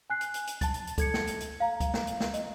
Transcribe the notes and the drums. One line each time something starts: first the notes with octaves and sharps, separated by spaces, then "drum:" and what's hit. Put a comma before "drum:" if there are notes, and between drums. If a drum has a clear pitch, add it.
G#5 F#6 C7
drum: hi-hat
drum: hi-hat
drum: hi-hat
A5 A6, drum: kick C#2, hi-hat
drum: hi-hat
drum: hi-hat
A4 G#6 C#7, drum: kick C#2, hi-hat
drum: snare
drum: hi-hat
drum: hi-hat
F5 A#5
drum: kick C#2, hi-hat
drum: snare
drum: hi-hat
drum: snare
D#5, drum: hi-hat